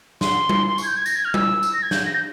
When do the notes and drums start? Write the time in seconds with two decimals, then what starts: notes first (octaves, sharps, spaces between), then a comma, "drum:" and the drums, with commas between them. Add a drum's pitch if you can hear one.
0.21 C6, drum: snare
0.49 drum: tom G3
0.78 C#6, drum: tambourine
0.83 G#6
0.87 G6
0.97 G#6
1.06 A#6, drum: tambourine
1.16 G#6
1.25 F6
1.34 E6, drum: tom G3
1.63 drum: tambourine
1.73 A#6
1.83 G#6
1.91 G6, drum: snare
2.05 A#6
2.15 G6